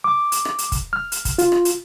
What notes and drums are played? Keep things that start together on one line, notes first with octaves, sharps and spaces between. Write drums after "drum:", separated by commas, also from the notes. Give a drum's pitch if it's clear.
D6
drum: hi-hat
drum: rim click
drum: hi-hat
drum: kick, hi-hat
F6
drum: hi-hat
drum: kick, hi-hat
F4, drum: hi-hat
drum: rim click
drum: hi-hat